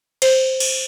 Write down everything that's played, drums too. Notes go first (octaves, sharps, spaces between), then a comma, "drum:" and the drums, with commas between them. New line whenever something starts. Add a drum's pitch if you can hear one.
C5, drum: cymbal
drum: cymbal